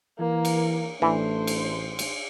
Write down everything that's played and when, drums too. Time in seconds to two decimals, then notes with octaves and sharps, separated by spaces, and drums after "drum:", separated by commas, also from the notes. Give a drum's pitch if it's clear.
0.19 E3 A#3 A#4
0.45 drum: cymbal
1.02 A1 E3 A3 D4 C5 C6
1.47 drum: cymbal
1.99 drum: cymbal